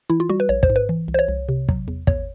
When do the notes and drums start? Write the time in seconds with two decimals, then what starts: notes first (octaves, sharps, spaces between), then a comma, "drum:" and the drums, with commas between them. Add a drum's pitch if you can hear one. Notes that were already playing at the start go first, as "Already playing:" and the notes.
0.10 E3 E4
0.20 F4
0.29 G3 F#4
0.40 B4
0.49 A#1 C#5
0.63 C5, drum: kick
0.70 G#2
0.76 B4
0.89 E3
1.08 C2
1.14 C5
1.19 C#5
1.28 C2
1.49 C3
1.69 F#3, drum: kick
1.88 E2
2.07 E2 C#5, drum: kick